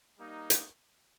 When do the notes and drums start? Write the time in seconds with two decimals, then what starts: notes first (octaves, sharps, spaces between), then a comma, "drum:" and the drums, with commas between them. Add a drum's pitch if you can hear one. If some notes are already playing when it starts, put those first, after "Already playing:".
0.18 G3 A#3 D#4
0.50 drum: hi-hat